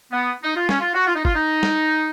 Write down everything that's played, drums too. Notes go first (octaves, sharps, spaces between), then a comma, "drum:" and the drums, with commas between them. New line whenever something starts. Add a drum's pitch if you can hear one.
B3
D#4
F4
C#4, drum: snare
F4
F#4
F4
D#4
F4, drum: kick G1
D#4
drum: snare